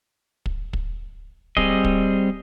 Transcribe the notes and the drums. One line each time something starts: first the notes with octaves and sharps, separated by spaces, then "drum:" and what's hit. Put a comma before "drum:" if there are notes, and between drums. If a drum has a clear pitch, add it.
drum: kick
drum: kick
G3 C4 G#4 D#5, drum: kick
drum: kick